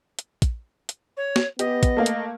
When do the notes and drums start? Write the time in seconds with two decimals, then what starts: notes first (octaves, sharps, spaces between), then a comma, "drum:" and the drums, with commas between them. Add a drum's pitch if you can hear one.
0.19 drum: hi-hat
0.42 drum: kick, hi-hat
0.89 drum: hi-hat
1.17 C#5
1.36 drum: snare
1.59 B3 G4 D#5, drum: hi-hat
1.83 drum: kick, hi-hat
1.97 A3 A#3 F5
2.06 drum: hi-hat